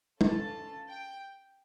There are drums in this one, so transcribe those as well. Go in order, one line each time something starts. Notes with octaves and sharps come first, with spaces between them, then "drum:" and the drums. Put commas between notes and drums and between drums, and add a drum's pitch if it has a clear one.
C#4 F4 A4 A5, drum: tom
G5